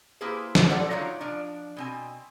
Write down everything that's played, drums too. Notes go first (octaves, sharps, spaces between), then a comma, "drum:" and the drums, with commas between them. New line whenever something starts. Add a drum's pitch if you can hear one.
A#3 E4 G4 G#4 B4 C5
drum: snare
F4 G4 A4 B4 D5 F#5
F#3 D4 D#4 F4 C#5
F3 D4
B2 C4 G#5